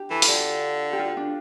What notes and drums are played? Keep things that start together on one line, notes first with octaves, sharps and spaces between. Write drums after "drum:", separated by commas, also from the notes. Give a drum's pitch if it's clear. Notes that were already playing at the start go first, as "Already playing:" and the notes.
Already playing: D4 G4
E3 A4
F4, drum: open hi-hat
D3 G4
G4
F4
D4